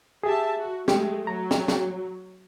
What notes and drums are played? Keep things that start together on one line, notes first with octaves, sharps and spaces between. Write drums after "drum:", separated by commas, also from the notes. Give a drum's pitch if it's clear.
G4 G#4 E5 A5
F#4
G#3 A3 G4, drum: snare
F#3 A#5
drum: snare
drum: snare